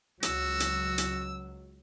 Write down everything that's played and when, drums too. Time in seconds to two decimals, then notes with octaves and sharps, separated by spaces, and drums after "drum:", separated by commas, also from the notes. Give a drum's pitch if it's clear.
0.23 C#2 F#3 F#4 E6, drum: hi-hat
0.60 drum: hi-hat
0.98 drum: hi-hat